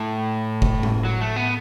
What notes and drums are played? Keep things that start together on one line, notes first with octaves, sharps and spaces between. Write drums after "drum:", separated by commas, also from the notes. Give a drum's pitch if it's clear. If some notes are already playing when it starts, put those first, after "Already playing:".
Already playing: A2
drum: kick F#1
drum: tom A2
F#3
A3
B3